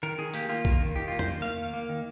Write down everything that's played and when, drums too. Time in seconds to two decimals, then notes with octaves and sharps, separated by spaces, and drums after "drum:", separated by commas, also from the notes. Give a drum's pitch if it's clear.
0.03 D#3 A#4
0.18 D#3 G#4
0.34 A#3 G4, drum: hi-hat
0.49 A#3 F4
0.65 D#3, drum: kick A#1
0.80 D#3
0.96 D#3 G4
1.08 F4
1.12 A#3
1.19 C5, drum: tom E2
1.27 D#3
1.42 A#3 F5
1.58 D#3
1.73 A#3
1.89 D#3